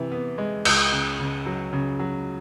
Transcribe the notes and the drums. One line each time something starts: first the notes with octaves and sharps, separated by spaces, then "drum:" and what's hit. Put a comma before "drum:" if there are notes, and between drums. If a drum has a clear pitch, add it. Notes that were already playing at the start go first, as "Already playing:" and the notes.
Already playing: C3 E3
B3
G#3
C#2, drum: cymbal
C#3
C#3
F#3
C#3
F#3